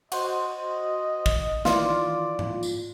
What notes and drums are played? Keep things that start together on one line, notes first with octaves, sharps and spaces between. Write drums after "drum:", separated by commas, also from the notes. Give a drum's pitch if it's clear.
F#4 C5 D#5, drum: cymbal
drum: kick
D#3 E3 F4 D5, drum: snare
drum: tom G#2
drum: tambourine